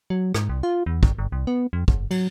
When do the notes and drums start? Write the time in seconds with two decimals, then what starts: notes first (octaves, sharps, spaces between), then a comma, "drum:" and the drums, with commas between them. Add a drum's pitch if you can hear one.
0.10 F#3
0.35 G#2, drum: rim click
0.49 C2
0.63 F4
0.86 E2
1.03 G1, drum: kick
1.19 G1
1.32 C2
1.47 B3
1.73 F2
1.88 F#1, drum: kick
2.11 F#3, drum: cymbal